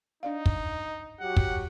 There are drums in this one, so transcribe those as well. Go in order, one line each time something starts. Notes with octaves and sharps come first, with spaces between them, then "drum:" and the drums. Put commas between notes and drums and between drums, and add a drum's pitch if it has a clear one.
D4 D#4 D5 F5
drum: kick
F#3 F#4 G4 F#5
drum: kick